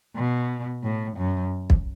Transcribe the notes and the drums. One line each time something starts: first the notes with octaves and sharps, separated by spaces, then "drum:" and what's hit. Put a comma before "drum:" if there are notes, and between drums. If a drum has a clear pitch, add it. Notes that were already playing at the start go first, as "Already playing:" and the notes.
B2
A2
F#2
drum: kick